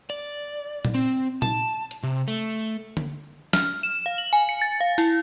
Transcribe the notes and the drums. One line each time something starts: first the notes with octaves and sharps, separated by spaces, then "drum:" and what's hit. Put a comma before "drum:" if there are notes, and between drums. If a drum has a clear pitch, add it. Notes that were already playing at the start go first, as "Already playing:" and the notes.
D5
drum: tom A#2
C4
A5, drum: tom A#2
drum: hi-hat
C3
A3
drum: tom D3
F6, drum: snare
E7
F5
F#7
G#5
C#7
A6
F5
E4, drum: open hi-hat